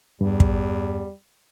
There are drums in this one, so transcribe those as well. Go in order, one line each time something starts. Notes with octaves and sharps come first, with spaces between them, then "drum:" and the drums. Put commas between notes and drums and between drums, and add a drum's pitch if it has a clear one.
E2 G2 G3
drum: kick